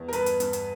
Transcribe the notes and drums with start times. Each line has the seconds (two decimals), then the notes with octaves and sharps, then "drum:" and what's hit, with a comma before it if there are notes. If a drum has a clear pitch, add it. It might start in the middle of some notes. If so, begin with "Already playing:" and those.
Already playing: E2
0.08 A#4
0.13 G2 B4, drum: hi-hat
0.26 drum: hi-hat
0.40 G2, drum: hi-hat
0.53 drum: hi-hat